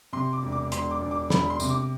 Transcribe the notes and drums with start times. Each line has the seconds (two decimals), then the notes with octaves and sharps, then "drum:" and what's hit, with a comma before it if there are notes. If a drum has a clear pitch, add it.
0.13 C3 C6
0.33 D6
0.43 E1
0.52 D6
0.72 E1 C6, drum: hi-hat
0.91 D6
1.01 E1
1.11 D6
1.30 E1 B5, drum: snare
1.41 B5
1.50 C6
1.60 C3, drum: tambourine
1.70 D6